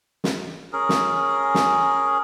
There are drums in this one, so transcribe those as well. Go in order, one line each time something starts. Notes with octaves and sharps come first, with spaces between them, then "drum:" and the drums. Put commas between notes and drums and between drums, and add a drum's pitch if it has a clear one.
drum: snare
C#4 G#4 A#4
drum: snare
drum: snare